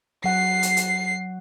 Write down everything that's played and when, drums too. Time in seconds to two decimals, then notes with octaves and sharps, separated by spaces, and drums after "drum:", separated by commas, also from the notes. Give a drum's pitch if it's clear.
0.24 F#3 F#5 C7
0.63 drum: hi-hat
0.77 drum: hi-hat